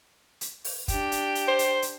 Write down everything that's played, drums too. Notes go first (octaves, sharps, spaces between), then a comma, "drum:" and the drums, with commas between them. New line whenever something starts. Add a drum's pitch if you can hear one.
drum: hi-hat
drum: open hi-hat
D4 G4, drum: kick, hi-hat
drum: hi-hat
drum: hi-hat
C5
drum: hi-hat
drum: hi-hat